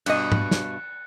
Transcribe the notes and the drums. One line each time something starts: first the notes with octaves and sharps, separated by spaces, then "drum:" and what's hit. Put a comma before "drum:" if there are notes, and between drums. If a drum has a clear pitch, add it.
G2 B2 D#5 F#6 A6 C#7, drum: cymbal
drum: tom G#2
drum: snare